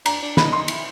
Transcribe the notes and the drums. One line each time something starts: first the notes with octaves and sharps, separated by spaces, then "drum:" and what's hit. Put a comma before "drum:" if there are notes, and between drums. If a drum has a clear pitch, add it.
D4 A#5, drum: cymbal
D4
D#4 B5, drum: snare
C6
E4, drum: cymbal